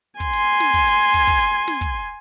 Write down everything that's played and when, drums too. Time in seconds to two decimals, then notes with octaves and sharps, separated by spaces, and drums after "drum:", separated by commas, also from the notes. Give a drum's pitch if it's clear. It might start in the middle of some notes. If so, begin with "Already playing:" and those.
0.20 G#5 C6, drum: kick
0.33 drum: hi-hat
0.60 drum: snare
0.74 drum: kick
0.87 drum: hi-hat
1.14 drum: kick, hi-hat
1.27 drum: kick
1.41 drum: hi-hat
1.68 drum: snare
1.81 drum: kick